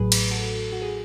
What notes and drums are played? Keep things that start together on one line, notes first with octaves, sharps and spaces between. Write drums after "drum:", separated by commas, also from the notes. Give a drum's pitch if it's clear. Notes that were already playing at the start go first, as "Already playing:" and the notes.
Already playing: A1 A2 F#3 G#4 B4
drum: cymbal
F#4 A4
F#4
G#4